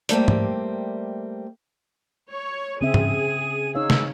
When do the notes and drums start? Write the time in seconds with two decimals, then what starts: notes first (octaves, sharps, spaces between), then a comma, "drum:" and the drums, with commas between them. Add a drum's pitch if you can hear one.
0.09 G3 A3 A#3 C4, drum: hi-hat
0.28 drum: tom G#2
2.31 C#5
2.81 C#3 C4 G#4 E5 D#7
2.94 drum: tom G#2
3.75 D#4 C#5 F5 E6
3.90 drum: snare